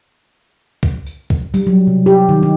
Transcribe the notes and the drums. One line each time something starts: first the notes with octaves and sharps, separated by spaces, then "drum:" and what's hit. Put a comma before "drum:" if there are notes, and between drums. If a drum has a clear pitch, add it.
drum: kick
drum: tambourine
drum: kick
G3, drum: tambourine
F#3
C3
G4
D#3
D#4